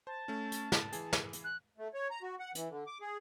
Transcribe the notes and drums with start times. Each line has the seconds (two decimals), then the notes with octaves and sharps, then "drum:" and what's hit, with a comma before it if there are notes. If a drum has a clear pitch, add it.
0.07 C5 A5
0.28 A3 C#4
0.52 drum: hi-hat
0.72 drum: snare
0.92 E3 G#4, drum: hi-hat
1.13 drum: snare
1.33 drum: hi-hat
1.44 F#6
1.78 A3
1.94 C#5
2.11 A#5
2.22 F#4
2.40 F#5
2.55 E3, drum: hi-hat
2.69 D3
2.87 D6
3.01 G#4